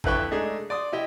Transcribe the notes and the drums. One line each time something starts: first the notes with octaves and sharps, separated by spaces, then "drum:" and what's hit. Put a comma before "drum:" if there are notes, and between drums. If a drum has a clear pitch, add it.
F2 D3 E4 B4 G5 C#6, drum: kick G#1
G#3 A3 D4 D#4 G#4
D5 C6 D#6
E4 G4 D#5 G5